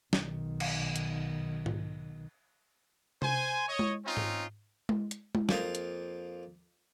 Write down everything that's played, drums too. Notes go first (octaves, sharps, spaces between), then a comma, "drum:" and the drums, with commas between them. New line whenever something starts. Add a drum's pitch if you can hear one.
B1 D#3, drum: snare
drum: cymbal
drum: hi-hat
drum: tom G#2
C5 G#5, drum: tom C3
C#5 D#5
drum: tom G#3
C4 C#4 D#4 F4
drum: tom G#2
drum: tom G#3
drum: hi-hat
drum: tom G#3
F2 A#3 C5 F5 D#6, drum: snare
drum: hi-hat